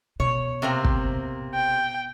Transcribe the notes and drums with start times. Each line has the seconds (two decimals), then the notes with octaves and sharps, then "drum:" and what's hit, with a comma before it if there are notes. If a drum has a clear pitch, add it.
0.20 B2 C#5
0.62 C3 A#3 C4
0.84 drum: kick
1.54 G5